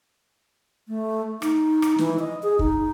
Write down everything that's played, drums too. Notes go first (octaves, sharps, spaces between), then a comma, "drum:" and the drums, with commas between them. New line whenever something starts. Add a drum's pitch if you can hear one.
A3
D#4, drum: rim click
drum: rim click
E3, drum: snare
D#5
G#4
D#4, drum: kick